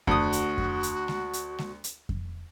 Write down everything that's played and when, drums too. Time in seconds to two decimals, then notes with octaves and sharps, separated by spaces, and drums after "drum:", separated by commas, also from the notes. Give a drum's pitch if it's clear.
0.07 D2 F#4 D#6, drum: kick F2
0.33 drum: hi-hat
0.58 drum: kick F2
0.83 drum: hi-hat
1.08 drum: snare G#3
1.33 drum: hi-hat
1.59 drum: snare G#3
1.84 drum: hi-hat
2.09 drum: kick F2